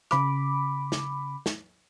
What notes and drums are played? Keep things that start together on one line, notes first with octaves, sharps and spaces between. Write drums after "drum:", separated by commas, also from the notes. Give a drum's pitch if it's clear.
C#3 B5 D6, drum: rim click
drum: snare
drum: snare